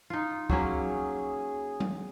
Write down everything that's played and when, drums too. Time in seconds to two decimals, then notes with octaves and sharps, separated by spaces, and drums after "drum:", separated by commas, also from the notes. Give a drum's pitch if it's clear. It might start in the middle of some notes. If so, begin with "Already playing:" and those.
0.10 D#4 F4
0.50 F#3 A#3 C#4 G#4, drum: kick
1.80 drum: tom F#3